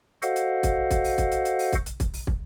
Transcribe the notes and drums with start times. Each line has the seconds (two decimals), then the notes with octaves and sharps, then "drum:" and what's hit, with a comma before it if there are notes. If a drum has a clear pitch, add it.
0.22 F#4 A4 C5 D#5 F5 F#5, drum: hi-hat
0.36 drum: hi-hat
0.63 drum: kick, hi-hat
0.91 drum: kick, hi-hat
1.04 drum: open hi-hat
1.18 drum: kick, hi-hat
1.32 drum: hi-hat
1.45 drum: hi-hat
1.59 drum: open hi-hat
1.73 drum: kick, hi-hat
1.86 drum: hi-hat
2.00 drum: kick, hi-hat
2.14 drum: open hi-hat
2.27 drum: kick